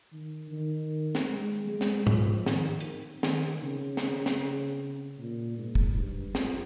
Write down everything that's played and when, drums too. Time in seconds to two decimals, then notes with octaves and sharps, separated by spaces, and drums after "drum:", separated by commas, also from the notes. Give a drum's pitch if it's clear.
0.13 D#3
0.51 D#3
1.15 drum: snare
1.29 G#3
1.68 G#3
1.81 drum: snare
2.07 F3, drum: tom
2.46 D#3, drum: snare
2.80 drum: hi-hat
3.23 D#3, drum: snare
3.62 C#3
3.97 drum: snare
4.26 drum: snare
5.19 A#2
5.58 G#2
5.75 drum: kick
5.97 G2
6.35 F2, drum: snare